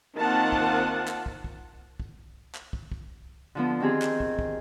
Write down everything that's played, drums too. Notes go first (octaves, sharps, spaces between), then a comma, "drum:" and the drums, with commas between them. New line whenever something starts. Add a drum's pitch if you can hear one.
D#3 A#3 C4 F4 F#5 A5
drum: kick
drum: clap
drum: kick
drum: kick
drum: kick
drum: clap
drum: kick
drum: kick
D3 F3 B3
D#3 C4 G4 G#4
drum: clap
drum: kick
drum: kick